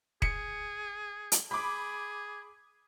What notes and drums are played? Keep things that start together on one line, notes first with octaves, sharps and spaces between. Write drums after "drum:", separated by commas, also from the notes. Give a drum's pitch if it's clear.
G#4 C#7, drum: kick E1
drum: hi-hat
G#4 B5 D6